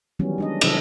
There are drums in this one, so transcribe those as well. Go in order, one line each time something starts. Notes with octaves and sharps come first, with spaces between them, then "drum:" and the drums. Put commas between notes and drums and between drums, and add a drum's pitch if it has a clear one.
D#3 E3 F#3 G3 B3 C#4
G#3 D4 D#5
C3 D#3 F#3 D4 D#5 E5, drum: cymbal